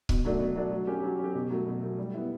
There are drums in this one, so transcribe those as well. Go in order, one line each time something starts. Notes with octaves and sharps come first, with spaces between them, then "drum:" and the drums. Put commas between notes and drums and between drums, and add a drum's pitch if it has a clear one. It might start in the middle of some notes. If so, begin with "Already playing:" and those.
B2, drum: kick C#1
F#3 A3 D4
B2
F#3 A3 D4
F#3
C#4 G4
F#3
C#4 G4
B2
F#3 A3
B2
F#3 A3
G3
B3 E4